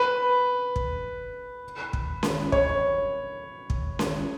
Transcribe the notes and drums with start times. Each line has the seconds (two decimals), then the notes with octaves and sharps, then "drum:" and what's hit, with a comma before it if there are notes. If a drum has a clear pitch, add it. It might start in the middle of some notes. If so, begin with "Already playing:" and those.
Already playing: B4
0.76 drum: kick
1.93 drum: kick
2.23 drum: snare C#4
2.52 C#5, drum: kick
3.70 drum: kick
3.99 drum: snare C#4